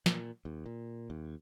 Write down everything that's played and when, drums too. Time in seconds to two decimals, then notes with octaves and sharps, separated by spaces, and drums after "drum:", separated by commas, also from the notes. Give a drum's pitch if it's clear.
0.06 A#2, drum: snare
0.45 D#2
0.66 A#2
1.10 D#2